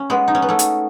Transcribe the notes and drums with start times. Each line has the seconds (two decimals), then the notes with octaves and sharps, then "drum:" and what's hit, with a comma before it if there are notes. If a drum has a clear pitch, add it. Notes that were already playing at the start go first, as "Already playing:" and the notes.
Already playing: C#4
0.10 G#3 B3
0.28 D#4
0.35 C#4
0.42 B3
0.49 A3 C#4
0.59 drum: hi-hat